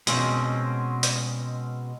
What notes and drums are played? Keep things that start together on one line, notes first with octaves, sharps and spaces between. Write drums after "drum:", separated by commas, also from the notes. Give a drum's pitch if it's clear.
B2 G#3 C4 C#4, drum: hi-hat
drum: hi-hat